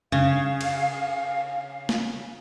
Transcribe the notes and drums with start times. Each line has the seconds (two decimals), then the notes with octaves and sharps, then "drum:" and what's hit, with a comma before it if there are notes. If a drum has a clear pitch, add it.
0.12 C#3 F5, drum: tom F2
0.61 drum: cymbal
1.89 drum: snare